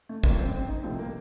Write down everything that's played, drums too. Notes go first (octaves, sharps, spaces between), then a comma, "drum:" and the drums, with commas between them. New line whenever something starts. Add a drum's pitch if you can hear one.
A3
A1 G2 F3 A#3, drum: kick
C4
C4
D#4
C2 C3 F3 A3 C4
A#3